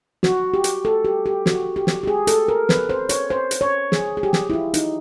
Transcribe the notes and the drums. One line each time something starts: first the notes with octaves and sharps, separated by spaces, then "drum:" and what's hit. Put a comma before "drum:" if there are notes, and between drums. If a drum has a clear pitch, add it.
F#4, drum: snare
G4
drum: hi-hat
A4
G4
G4
F#4, drum: snare
G4
drum: snare
G4
G#4
A4, drum: hi-hat
A#4
B4, drum: snare
C5
C#5, drum: hi-hat
C5
drum: hi-hat
C#5
G#4, drum: snare
G#4
G4
drum: snare
E4
F4
D#4, drum: hi-hat